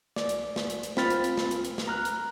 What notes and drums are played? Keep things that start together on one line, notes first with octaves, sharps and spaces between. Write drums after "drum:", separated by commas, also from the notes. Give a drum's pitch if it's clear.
D5, drum: snare
drum: hi-hat
drum: snare
drum: hi-hat
drum: hi-hat
C4 F4 B5 F6 A6, drum: snare
drum: hi-hat
drum: hi-hat
drum: snare
drum: hi-hat
drum: hi-hat
drum: snare
A#5 F6 F#6
drum: hi-hat